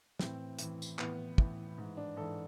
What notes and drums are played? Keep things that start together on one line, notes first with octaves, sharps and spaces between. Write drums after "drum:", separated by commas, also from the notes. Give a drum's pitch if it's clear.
A2 E3 C4, drum: snare
A2 E3, drum: hi-hat
drum: tambourine
A2 E3 B3, drum: clap
A2 E3, drum: kick
G#2 E3
D4
G#2 E3 A4